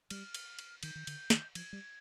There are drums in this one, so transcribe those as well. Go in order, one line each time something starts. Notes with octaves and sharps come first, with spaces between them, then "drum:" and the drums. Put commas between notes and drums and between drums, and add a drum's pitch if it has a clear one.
G3 F6, drum: cymbal
drum: cymbal
drum: cymbal
D#3 G6, drum: cymbal
D#3
D3, drum: cymbal
D#3, drum: snare
F3 G#6, drum: cymbal
G3